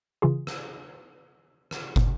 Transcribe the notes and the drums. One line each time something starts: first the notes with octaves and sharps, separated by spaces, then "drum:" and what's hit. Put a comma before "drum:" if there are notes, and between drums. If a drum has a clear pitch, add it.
C#3 E3 F4 G#4
drum: rim click
drum: rim click
drum: kick